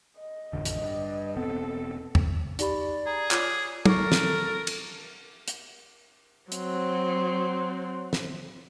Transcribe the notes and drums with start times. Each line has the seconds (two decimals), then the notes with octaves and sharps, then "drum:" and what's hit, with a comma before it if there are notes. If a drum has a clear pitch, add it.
0.19 D#5
0.53 A1 F2 D3
0.65 drum: hi-hat
0.82 G2
1.37 E1 B3 C4 A4
2.15 drum: tom E2
2.59 D#4 G4 D5 B5, drum: hi-hat
3.06 G#4 A#5
3.31 F4 C#5 D6, drum: clap
3.86 A4 A#4 C#6 D6, drum: tom
4.12 drum: snare
4.67 drum: cymbal
5.48 drum: hi-hat
6.52 F#3 C4, drum: hi-hat
8.13 drum: snare